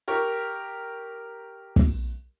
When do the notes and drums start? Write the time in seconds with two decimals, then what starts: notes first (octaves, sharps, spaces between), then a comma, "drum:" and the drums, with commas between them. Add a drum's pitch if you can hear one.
0.08 G4 A#4 C#6
1.76 drum: kick